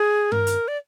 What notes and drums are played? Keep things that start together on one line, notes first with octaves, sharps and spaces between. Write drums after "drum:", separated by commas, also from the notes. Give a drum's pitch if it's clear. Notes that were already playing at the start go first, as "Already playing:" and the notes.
Already playing: G#4
A#4, drum: tom G2
drum: hi-hat
D5